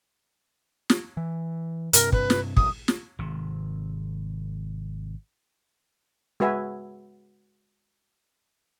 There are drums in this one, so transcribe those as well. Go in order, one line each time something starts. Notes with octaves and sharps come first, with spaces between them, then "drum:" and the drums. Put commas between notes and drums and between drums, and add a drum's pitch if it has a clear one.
drum: snare
E3
G2 C3 A#4, drum: hi-hat
B4, drum: kick
drum: snare
F1 B1 F#2 D#6, drum: kick
drum: snare
G#1 C3
G#3 F#4 B4 E5 G#5